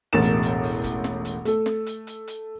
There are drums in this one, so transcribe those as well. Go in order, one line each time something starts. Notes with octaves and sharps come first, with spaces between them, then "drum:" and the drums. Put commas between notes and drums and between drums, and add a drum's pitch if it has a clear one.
E1 A1 A2 A#4 A6 E7
drum: hi-hat
drum: hi-hat
drum: open hi-hat
drum: kick, hi-hat
drum: snare
drum: hi-hat
A3 A4, drum: hi-hat
drum: snare
drum: hi-hat
drum: hi-hat
drum: hi-hat